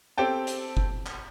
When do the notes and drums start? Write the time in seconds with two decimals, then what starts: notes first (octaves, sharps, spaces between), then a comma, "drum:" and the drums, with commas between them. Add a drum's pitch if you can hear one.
0.18 C4 G4 A4 G5 A5
0.47 drum: hi-hat
0.77 drum: kick F#1
1.06 drum: clap